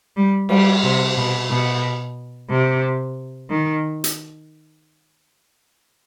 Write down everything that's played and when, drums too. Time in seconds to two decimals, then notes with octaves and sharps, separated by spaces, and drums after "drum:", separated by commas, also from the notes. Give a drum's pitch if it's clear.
0.16 G3
0.49 G3, drum: cymbal
0.83 C3
1.16 B2
1.49 B2
2.49 C3
3.49 D#3
4.04 drum: hi-hat